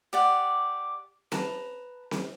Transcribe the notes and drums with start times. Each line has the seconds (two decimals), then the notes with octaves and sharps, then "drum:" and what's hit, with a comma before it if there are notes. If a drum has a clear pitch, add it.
0.13 G4 D5 F#5
1.32 B4 A5 A#5, drum: snare C4
2.11 drum: snare C4